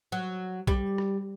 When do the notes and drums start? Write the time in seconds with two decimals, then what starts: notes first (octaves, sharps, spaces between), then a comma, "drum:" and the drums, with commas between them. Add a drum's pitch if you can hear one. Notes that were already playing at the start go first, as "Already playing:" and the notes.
0.12 F#3
0.67 G3, drum: kick
0.98 drum: rim click